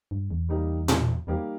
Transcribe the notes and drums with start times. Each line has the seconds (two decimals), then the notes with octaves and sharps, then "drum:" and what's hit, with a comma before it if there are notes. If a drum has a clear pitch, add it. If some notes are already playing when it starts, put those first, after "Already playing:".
0.11 G2
0.31 E2
0.49 G3 A#3 D#4 G4
0.88 drum: tom A#2
1.27 E2 G3 A#3 D#4 G4